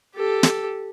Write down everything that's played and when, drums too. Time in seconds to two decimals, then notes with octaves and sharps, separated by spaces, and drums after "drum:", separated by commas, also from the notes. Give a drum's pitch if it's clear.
0.15 G4 A4
0.43 drum: snare